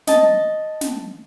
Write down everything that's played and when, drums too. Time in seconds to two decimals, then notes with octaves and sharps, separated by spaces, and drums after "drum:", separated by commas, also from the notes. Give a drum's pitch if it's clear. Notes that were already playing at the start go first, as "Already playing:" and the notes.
0.07 D#5 A5, drum: snare
0.81 drum: snare